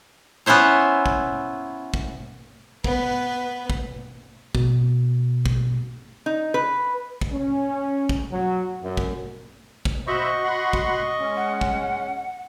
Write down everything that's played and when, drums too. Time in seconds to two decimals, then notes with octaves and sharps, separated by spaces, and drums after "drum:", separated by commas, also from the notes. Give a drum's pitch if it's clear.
0.46 B3 C#4 E4 C5 C#5
1.06 drum: kick
1.94 drum: kick
2.84 B3 B4, drum: kick
3.70 drum: kick
4.55 B2, drum: kick
5.46 drum: kick
6.26 D#4
6.54 B4
7.21 drum: kick
7.32 C#4
8.09 drum: kick
8.31 F#3
8.82 F#2
8.97 drum: kick
9.85 drum: kick
10.07 F#4 C5 D#5 E5 B5 C#6
10.44 F#5 B5 C6
10.73 drum: kick
11.20 G#3 C#4
11.36 F#5
11.61 drum: kick